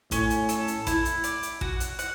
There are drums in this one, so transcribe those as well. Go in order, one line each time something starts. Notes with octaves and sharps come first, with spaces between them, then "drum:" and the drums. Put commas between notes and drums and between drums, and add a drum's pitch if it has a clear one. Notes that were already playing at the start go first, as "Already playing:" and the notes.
A2 C#4, drum: kick A1, hi-hat
drum: hi-hat
A4, drum: hi-hat
drum: hi-hat
E4, drum: kick A1, hi-hat
drum: hi-hat
D5, drum: hi-hat
drum: hi-hat
F#4, drum: kick A1
drum: hi-hat
F#5, drum: hi-hat